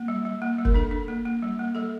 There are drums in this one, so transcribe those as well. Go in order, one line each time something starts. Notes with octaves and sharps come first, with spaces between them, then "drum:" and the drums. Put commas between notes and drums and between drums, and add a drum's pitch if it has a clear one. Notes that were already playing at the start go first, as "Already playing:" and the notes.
Already playing: A#3
G3
G3
A#3
G3
A#4, drum: kick
D4 A4
D4
A#3
A#3
G3
A#3
G3 A4